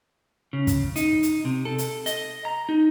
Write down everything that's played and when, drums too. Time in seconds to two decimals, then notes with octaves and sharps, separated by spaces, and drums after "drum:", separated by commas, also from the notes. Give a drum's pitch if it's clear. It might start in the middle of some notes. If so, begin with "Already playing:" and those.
0.53 C#3
0.67 drum: kick, hi-hat
0.96 D#4, drum: hi-hat
1.23 drum: hi-hat
1.45 C3
1.65 A4
1.78 drum: hi-hat
2.06 D#5, drum: hi-hat
2.45 A#5
2.69 D#4